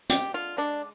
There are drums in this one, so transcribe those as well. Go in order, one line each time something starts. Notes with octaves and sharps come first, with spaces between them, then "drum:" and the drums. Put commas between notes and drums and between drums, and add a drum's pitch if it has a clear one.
G#3 G4, drum: hi-hat
D3 F4
G#3 D4